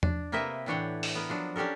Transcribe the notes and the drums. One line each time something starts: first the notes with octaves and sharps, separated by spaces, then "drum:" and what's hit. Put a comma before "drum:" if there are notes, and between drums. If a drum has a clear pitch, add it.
D4, drum: tom E2
C3 A#3 A#4 B4 D#5 E5
A2 E3 D4 C#5 F#5 G5
drum: open hi-hat
B3 A#4
F3 F#3 D4
C#4 D4 G4 A4 A#4